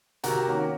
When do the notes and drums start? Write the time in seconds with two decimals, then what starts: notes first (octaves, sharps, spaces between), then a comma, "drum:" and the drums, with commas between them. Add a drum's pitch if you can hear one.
0.23 C3 F#4 A#4, drum: hi-hat
0.47 D#3 A#3 C#4